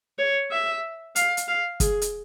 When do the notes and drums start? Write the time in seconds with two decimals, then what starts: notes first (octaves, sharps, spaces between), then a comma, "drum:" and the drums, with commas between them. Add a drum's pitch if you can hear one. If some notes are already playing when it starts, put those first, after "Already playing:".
0.18 C#5
0.51 E5
1.16 F5, drum: hi-hat
1.37 drum: hi-hat
1.48 F5
1.80 G#4, drum: kick, hi-hat
2.02 drum: hi-hat